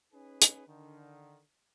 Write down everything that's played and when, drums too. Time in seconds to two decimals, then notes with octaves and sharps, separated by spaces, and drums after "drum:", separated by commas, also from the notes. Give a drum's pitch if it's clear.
0.13 C#4 D#4 G#4 B4
0.42 drum: hi-hat
0.66 D3 D#3